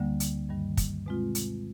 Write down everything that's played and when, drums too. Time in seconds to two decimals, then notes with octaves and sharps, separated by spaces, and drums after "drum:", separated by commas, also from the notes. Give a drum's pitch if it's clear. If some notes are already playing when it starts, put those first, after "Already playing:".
Already playing: D2 D3 G3 A#3
0.20 drum: hi-hat
0.49 G2 D#3 G3
0.77 drum: kick, hi-hat
1.06 B2 G#3 C4 F4
1.35 drum: hi-hat